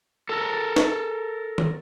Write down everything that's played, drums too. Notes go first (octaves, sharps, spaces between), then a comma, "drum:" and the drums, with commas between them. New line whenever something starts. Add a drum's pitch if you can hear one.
A4 A#4
drum: snare
drum: tom D#3